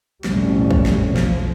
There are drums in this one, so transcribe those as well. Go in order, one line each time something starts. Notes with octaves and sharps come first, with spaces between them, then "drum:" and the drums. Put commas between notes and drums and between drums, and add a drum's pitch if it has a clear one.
B1 F2 A2 G3 C#4, drum: snare
drum: kick
drum: snare
B1 F3
drum: snare